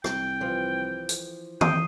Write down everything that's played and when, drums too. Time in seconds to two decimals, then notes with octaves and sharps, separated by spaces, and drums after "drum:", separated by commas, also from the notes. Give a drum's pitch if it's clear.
0.04 C2 G5, drum: rim click
0.40 E3 F3
1.09 drum: hi-hat
1.61 F2 G5 D#6 C7 D#7, drum: tom D#3